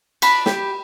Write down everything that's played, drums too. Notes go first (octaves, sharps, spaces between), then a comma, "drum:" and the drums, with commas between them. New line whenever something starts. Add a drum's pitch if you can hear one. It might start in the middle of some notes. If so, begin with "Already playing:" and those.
D4 B5, drum: cymbal
G4, drum: snare